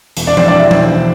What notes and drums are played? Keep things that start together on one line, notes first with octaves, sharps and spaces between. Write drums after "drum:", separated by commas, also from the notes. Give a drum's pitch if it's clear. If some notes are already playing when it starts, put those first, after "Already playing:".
E1, drum: hi-hat
D4 D5
E3 C4 C5, drum: tom F3
D4 D5
E1 E4 E5
drum: tom F3
E1